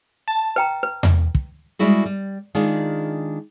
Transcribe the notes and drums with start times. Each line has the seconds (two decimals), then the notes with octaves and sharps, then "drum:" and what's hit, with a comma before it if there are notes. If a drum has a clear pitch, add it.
0.28 A5
0.56 B4 G5 A#5
0.83 B4
1.03 drum: tom E2
1.35 drum: kick
1.79 G3 G#3 E4 F#4 G#4
2.05 G3
2.55 D#3 G#3 D4 F4 G#4